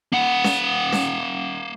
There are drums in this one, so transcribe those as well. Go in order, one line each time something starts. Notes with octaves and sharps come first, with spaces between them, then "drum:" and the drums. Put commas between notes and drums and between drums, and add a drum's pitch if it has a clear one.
A#3 F#5
drum: snare C#4
drum: snare C#4